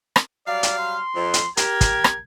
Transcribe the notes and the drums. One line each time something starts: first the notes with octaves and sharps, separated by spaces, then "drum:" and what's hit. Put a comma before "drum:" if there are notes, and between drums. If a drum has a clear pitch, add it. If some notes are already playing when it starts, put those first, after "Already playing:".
drum: rim click
F#3 G3 D5 F5
drum: hi-hat
C6
F2
drum: hi-hat
G4 A#4 G#6, drum: hi-hat
drum: kick, hi-hat
drum: rim click